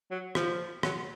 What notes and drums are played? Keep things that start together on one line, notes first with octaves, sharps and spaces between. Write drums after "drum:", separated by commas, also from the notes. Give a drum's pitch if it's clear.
F#3
F3, drum: rim click
F#3, drum: rim click